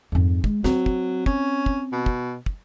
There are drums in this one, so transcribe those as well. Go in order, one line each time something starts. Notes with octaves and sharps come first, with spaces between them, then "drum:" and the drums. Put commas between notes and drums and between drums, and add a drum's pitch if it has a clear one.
F2 G#2
G#3, drum: kick
F#3 C4, drum: snare
drum: kick
C#4, drum: kick
drum: kick
B2
drum: kick
drum: kick